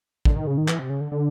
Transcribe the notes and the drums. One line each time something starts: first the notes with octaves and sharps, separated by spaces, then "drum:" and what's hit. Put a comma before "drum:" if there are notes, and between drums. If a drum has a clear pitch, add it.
D3, drum: kick
D#3
C#3
D#3
E3, drum: clap
C3
C#3
D3
D3